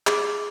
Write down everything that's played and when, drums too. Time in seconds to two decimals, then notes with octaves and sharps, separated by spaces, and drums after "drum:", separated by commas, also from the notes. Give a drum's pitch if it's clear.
0.07 G#4, drum: clap